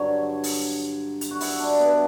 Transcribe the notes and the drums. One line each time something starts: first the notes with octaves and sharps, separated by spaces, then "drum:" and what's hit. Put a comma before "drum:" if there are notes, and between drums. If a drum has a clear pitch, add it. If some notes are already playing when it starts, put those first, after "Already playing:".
Already playing: G2 D3 F#3 C#5
drum: open hi-hat
drum: hi-hat
F#4
E4, drum: open hi-hat
D4
B3